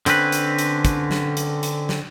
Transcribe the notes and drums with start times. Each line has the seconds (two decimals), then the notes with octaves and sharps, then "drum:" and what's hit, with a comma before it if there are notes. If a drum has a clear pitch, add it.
0.06 D3 C4 C#4 B4, drum: hi-hat
0.32 drum: hi-hat
0.59 drum: hi-hat
0.85 drum: kick, hi-hat
1.11 drum: snare
1.37 drum: hi-hat
1.63 drum: hi-hat
1.89 drum: snare